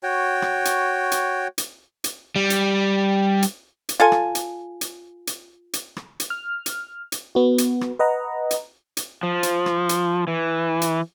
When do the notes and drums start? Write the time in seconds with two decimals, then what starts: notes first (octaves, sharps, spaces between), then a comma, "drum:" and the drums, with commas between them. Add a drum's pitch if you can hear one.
0.03 F#4 C#5 G5
0.42 drum: rim click
0.65 drum: hi-hat
1.12 drum: hi-hat
1.58 drum: hi-hat
2.04 drum: hi-hat
2.36 G3
2.50 drum: hi-hat
3.42 drum: hi-hat
3.89 drum: hi-hat
4.00 F4 A4 G#5
4.12 drum: rim click
4.35 drum: hi-hat
4.81 drum: hi-hat
5.27 drum: hi-hat
5.73 drum: hi-hat
5.97 drum: rim click
6.20 drum: hi-hat
6.30 F6
6.66 drum: hi-hat
7.12 drum: hi-hat
7.35 B3 F#4
7.58 drum: hi-hat
7.81 drum: rim click
7.99 B4 D#5 F#5 A#5
8.51 drum: hi-hat
8.97 drum: hi-hat
9.23 F3
9.43 drum: hi-hat
9.66 drum: rim click
9.89 drum: hi-hat
10.27 E3
10.82 drum: hi-hat